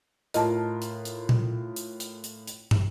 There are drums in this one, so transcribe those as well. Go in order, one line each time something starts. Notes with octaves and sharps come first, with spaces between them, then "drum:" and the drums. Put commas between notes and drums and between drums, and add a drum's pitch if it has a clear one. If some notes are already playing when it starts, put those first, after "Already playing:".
A2 F4 A#4 D#5 A5, drum: hi-hat
drum: hi-hat
drum: hi-hat
drum: tom A#2
drum: hi-hat
drum: hi-hat
drum: hi-hat
drum: hi-hat
drum: tom